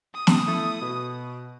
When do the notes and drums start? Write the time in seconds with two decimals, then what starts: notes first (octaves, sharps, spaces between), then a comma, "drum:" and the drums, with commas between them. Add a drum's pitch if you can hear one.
0.14 D#6
0.27 drum: snare
0.46 A3 E4
0.80 B2